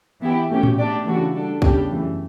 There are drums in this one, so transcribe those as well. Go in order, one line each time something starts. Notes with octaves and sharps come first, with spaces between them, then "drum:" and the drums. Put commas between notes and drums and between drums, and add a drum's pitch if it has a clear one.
E3 B3 E4 G4
B2 A3 C#4 G4
drum: tom A2
A3 D4 G4 D5
C#3 E3 A3 D4 F#4
G3 D4 A4
E2 C#3 G3 D4 G4, drum: kick
F#2 E3 A3